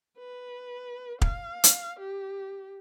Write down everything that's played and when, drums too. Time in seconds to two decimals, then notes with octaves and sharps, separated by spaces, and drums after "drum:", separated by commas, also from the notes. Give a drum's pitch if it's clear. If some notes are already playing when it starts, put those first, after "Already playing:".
0.18 B4
1.22 F5, drum: kick
1.64 drum: hi-hat
1.99 G4